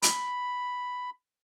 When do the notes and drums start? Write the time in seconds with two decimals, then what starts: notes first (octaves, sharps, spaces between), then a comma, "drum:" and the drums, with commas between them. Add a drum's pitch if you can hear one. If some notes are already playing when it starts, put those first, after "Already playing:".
0.02 B5, drum: hi-hat